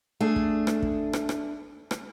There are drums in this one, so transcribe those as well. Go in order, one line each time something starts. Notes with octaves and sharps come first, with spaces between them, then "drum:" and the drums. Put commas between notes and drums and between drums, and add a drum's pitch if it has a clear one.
A3 D4 G#4
drum: kick
drum: rim click
drum: kick
drum: rim click
drum: rim click
drum: rim click